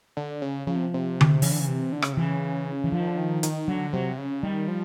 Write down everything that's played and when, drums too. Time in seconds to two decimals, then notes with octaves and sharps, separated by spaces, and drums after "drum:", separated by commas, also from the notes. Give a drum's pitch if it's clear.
0.17 D3
0.42 C#3
0.67 C#3 F3
0.76 C3
0.94 C3
1.21 drum: tom D3
1.42 C#3 E3, drum: open hi-hat
1.52 D3
1.60 C#3
1.67 C3
1.92 D3
2.02 C#3, drum: rim click
2.13 C3 E3
2.23 C#3
2.84 E3
2.92 D3 F3
3.00 D#3
3.08 D3
3.17 D#3
3.43 D#3, drum: hi-hat
3.68 D3 F#3
3.93 C3 F#3
4.18 C#3
4.43 D#3 G3
4.68 F3